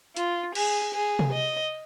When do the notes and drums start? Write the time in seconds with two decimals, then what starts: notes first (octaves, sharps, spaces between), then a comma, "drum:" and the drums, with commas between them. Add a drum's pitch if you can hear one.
0.16 F4, drum: hi-hat
0.55 G#4, drum: cymbal
0.95 G#4
1.19 drum: tom C3
1.33 D#5